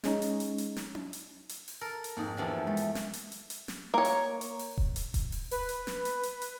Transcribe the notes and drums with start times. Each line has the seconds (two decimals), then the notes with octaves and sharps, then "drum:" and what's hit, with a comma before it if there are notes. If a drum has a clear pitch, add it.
0.04 G#3 C#4 D#4, drum: snare
0.22 drum: hi-hat
0.40 drum: hi-hat
0.58 drum: hi-hat
0.76 drum: snare
0.95 drum: tom C#4
1.13 drum: hi-hat
1.49 drum: hi-hat
1.68 drum: open hi-hat
1.81 A4 A#4
2.04 drum: hi-hat
2.17 F2 G#2 A#3 D#4
2.37 E2 G2 F3
2.67 G#3 A3
2.77 drum: hi-hat
2.95 drum: snare
3.13 drum: hi-hat
3.32 drum: hi-hat
3.50 drum: hi-hat
3.68 drum: snare
3.94 A#3 C#5
4.05 drum: hi-hat
4.41 drum: hi-hat
4.59 drum: open hi-hat
4.78 drum: kick D#1
4.96 drum: hi-hat
5.14 drum: kick D#1, hi-hat
5.32 drum: open hi-hat
5.51 B4, drum: open hi-hat
5.69 drum: hi-hat
5.87 drum: snare
6.05 drum: hi-hat
6.23 drum: hi-hat
6.42 drum: hi-hat